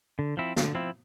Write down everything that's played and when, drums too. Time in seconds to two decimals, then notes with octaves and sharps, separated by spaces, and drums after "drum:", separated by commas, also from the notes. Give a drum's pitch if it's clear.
0.19 D3
0.37 F3 C4 E4
0.56 D3, drum: snare
0.75 F3 C4 E4